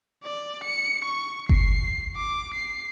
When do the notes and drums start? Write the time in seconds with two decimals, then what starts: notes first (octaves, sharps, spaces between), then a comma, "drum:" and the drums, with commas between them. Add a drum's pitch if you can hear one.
0.23 D5
0.64 C#7
1.05 C#6
1.49 C7, drum: kick G1
2.16 D6
2.55 C7